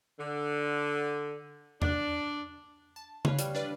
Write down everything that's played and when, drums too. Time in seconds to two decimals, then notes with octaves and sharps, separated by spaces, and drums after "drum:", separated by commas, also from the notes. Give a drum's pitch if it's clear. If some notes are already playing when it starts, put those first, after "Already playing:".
0.18 D3
1.82 D4, drum: tom E2
2.96 A5
3.25 B4 C#5 F5, drum: tom C#3
3.39 G3, drum: hi-hat
3.55 D4 B4 D5